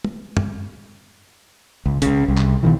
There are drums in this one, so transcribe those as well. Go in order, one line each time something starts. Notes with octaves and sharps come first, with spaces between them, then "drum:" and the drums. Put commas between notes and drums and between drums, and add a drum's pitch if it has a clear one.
drum: tom
drum: tom
C#2
C#2 C#3, drum: hi-hat
C2
drum: clap
B2 D#3 E3